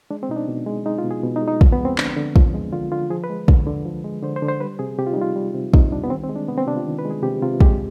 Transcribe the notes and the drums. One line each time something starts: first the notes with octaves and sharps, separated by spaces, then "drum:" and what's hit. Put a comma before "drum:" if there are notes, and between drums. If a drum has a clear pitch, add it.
G#3 D4
C4
B2 D#4
D4
B2
G#3
G#3 D#4
F4
B2
G#4
B2
D#4
G#3
D#4
F3, drum: kick
B3
G#3
C4
D3 D4, drum: clap
D3
F3, drum: kick
G#3
D3 F4
D3 F4
F3 G#4
B4
G#3
D3, drum: kick
D3
F3
G#3
D3 C5
C5
D3
C5
G3 B4
C3 G#4
C3 G4
F4
D#4
G3 F4
G3
C3
C3 D#4, drum: kick
G3 D4
B3
D#3 C4
C4
G#3
D4
C3 B3
C4
C3 D4
F4
D#3
B4
G#3
G#4
C3 G4
C3 F4
G#3 G4, drum: kick